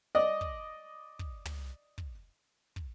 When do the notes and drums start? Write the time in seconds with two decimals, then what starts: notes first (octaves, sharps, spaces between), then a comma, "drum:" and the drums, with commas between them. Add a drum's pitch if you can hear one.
0.15 D5 D#5
0.41 drum: kick
1.19 drum: kick
1.45 drum: tom
1.98 drum: kick
2.76 drum: kick